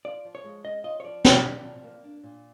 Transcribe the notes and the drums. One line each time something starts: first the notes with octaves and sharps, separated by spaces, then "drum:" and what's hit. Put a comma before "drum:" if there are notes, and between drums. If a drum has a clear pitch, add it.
F4 D5
F3
C#5
G#3
C#4 D#5
F4 D#5
C#5
F3 D5
D4, drum: snare
A#2
F3
A#3
D4
A#2